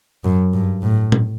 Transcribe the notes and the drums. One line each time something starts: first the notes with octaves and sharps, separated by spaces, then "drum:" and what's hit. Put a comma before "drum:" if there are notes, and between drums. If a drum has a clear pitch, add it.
F#2
G2
A2
drum: tom A#2